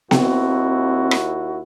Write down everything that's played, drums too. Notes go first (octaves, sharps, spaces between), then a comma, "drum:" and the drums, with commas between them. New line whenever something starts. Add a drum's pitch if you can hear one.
D#2 C4 E4 F#4, drum: snare B3
drum: rim click